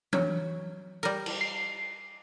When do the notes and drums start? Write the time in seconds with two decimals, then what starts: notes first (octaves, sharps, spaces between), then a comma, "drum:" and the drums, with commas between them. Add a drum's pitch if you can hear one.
0.13 F#3, drum: tom E3
1.03 G3 A#4
1.26 drum: cymbal
1.41 C7